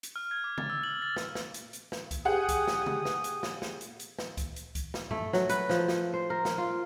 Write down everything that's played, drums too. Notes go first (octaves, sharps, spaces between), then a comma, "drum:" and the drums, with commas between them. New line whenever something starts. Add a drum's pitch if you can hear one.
drum: hi-hat
F6
G#6
D6
A6, drum: tom C#3
E6
F#7
A6
drum: snare
drum: snare
drum: hi-hat
drum: hi-hat
drum: snare
drum: kick C2, hi-hat
G4 G#4 F#5 D#6
drum: kick C2, hi-hat
drum: snare
drum: tom C#3
drum: snare
drum: hi-hat
drum: snare
drum: snare
drum: hi-hat
drum: hi-hat
drum: snare
drum: kick C2, hi-hat
drum: hi-hat
drum: kick C2, hi-hat
drum: snare
A3, drum: tom G2
F#3, drum: snare
B4, drum: hi-hat
F3, drum: snare
drum: snare
C5
A#4
drum: snare
F4